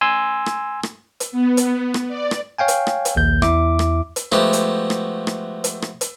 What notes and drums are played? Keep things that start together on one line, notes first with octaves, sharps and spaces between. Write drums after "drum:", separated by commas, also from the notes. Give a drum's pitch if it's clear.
G#5 C6 E6
drum: rim click
drum: rim click
drum: hi-hat
B3
drum: hi-hat
drum: rim click
D5
drum: rim click
C#5 F5 G5 G#5
drum: hi-hat
drum: rim click
drum: hi-hat
A#1 D#2 G6
E2 E4 E5 D6, drum: rim click
drum: rim click
drum: hi-hat
F3 G#3 A3 B3 F#4 G4, drum: rim click
drum: hi-hat
drum: rim click
drum: rim click
drum: hi-hat
drum: rim click
drum: hi-hat